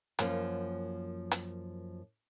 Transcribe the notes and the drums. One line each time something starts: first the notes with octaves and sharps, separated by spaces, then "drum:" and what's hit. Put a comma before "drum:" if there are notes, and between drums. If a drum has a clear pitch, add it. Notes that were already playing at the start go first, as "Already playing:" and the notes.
F#2 F3 A#3, drum: hi-hat
drum: hi-hat